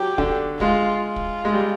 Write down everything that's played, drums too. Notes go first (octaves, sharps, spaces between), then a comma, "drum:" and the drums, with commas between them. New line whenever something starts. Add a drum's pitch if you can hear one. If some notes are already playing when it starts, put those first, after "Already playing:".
Already playing: F#3 G4
D3, drum: kick
G#3 F4, drum: kick
F4
drum: kick
G#3
G3